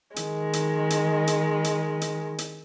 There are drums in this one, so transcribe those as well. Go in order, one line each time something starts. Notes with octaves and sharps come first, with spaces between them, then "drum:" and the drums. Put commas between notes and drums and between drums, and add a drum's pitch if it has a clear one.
D#3 G#3, drum: hi-hat
drum: hi-hat
drum: hi-hat
drum: hi-hat
drum: hi-hat
drum: hi-hat
drum: hi-hat